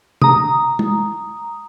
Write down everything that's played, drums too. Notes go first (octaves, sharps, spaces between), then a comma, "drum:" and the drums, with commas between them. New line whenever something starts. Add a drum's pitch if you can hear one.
A#5 D#6, drum: tom C3
drum: tom G#3